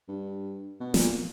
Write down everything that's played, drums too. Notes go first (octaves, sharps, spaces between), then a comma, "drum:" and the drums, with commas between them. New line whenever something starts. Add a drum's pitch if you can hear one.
G2
B2
A#2, drum: snare